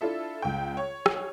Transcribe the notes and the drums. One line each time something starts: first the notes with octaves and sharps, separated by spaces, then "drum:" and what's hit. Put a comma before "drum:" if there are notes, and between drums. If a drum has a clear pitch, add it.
D4 E4 F4 A4 E5
C#2 G5
C#5
drum: rim click